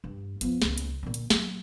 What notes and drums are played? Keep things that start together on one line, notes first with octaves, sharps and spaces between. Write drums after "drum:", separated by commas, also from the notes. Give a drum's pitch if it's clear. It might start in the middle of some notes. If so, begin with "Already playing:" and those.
G2
F3 B3, drum: hi-hat
E1 C#2, drum: snare
drum: hi-hat
A#2 D3
drum: hi-hat
F#3, drum: snare